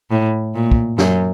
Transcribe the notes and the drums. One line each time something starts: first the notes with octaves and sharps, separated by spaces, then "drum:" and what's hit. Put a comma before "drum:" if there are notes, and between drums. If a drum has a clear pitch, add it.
A2
A#2
drum: kick
F#2, drum: snare